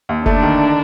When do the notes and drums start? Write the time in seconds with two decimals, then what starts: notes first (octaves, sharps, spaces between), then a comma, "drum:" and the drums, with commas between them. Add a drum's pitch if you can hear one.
0.09 D#2
0.26 D3 A3 D4, drum: kick F1
0.43 D#3